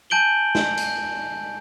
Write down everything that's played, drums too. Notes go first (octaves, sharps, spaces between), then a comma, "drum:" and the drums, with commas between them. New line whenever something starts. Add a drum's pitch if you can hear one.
G#5 A5 G6 D7 F#7 G7
drum: snare
drum: hi-hat